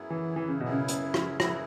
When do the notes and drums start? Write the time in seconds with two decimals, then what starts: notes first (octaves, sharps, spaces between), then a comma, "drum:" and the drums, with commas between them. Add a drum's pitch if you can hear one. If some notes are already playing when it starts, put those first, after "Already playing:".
Already playing: F#2 F#3 B3 E4 G#4
0.10 E3
0.36 E3
0.48 C#3
0.60 F#2 B2 F#3 B3 E4 G#4
0.72 C#3
0.88 drum: hi-hat
1.14 drum: rim click
1.40 F#2 F#3 B3 E4 G#4, drum: rim click